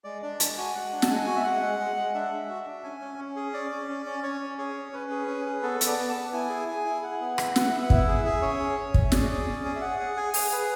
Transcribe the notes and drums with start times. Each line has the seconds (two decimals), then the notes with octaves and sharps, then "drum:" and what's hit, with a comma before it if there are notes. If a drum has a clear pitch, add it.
0.04 G#3 D5
0.22 D4 D5
0.40 G#3 A5, drum: hi-hat
0.57 F#4 G#5
0.75 G#3 F#5
0.92 D4
1.02 A5, drum: snare
1.09 G#3 G#5
1.26 F#4
1.36 E5
1.44 G#3 F#5
1.62 G#3
1.79 G#3
1.96 G#3
2.14 D4 E5
2.32 G#3
2.49 F#4
2.66 D4
2.83 C#4 G#5
3.01 C#4
3.18 C#4
3.36 G#4
3.53 C#4 D5
3.72 C#4
3.88 C#4
4.06 C#4
4.23 C#4 C#5
4.40 C#4
4.58 G#4 C#5
4.75 C#4
4.93 C#4 B4
5.11 G#4
5.28 C#4
5.46 G#4
5.63 B3 A4
5.81 B3, drum: hi-hat
5.87 D5
5.98 B3
6.09 A5
6.16 B3
6.33 E4 G#5
6.50 G#4
6.68 G#4 G#5
6.85 E4
7.02 G#4 F#5
7.21 B3
7.38 E4, drum: rim click
7.56 B3, drum: snare
7.73 B3 E5
7.82 F#5
7.90 E4 E5, drum: kick
8.08 G#4
8.25 G#4
8.42 C#4 C#5
8.59 G#4
8.77 C#4
8.94 C#4, drum: kick
9.04 E5
9.12 G#4 D5, drum: snare
9.30 G#4
9.47 C#4
9.65 G#4
9.75 E5
9.81 G#4 F#5
10.00 G#4
10.17 G#4 G#5
10.34 G#4, drum: open hi-hat
10.51 G#4 B4